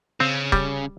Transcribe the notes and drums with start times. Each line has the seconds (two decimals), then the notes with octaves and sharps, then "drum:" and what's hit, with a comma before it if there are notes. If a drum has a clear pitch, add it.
0.20 C#3 C4
0.52 G3, drum: kick